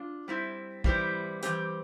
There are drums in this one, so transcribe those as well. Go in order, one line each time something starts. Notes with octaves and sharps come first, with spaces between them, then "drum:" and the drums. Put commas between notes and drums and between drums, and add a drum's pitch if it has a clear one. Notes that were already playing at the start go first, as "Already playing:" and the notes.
Already playing: D4 F4
G3 C4 E4
E3 G3 C4 E4 G4, drum: kick
E3 G3 C4 G4, drum: hi-hat